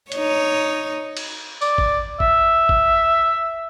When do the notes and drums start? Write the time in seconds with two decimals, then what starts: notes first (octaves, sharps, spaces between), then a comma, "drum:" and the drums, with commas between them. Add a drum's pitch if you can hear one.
0.12 D#4 C#5, drum: hi-hat
1.17 drum: cymbal
1.61 D5, drum: tambourine
1.78 drum: kick G#1
2.20 E5, drum: kick G#1
2.69 drum: kick G#1